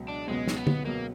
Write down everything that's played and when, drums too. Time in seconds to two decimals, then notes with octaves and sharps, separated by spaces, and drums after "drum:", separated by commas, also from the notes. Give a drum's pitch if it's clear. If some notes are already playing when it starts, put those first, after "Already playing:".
Already playing: C#2 B2 F#3 B3
0.08 D4
0.28 C#2 B2 F#3 G#3 B3
0.47 drum: snare
0.56 B3
0.67 drum: tom D3
0.85 B2 F#3 A#3 B3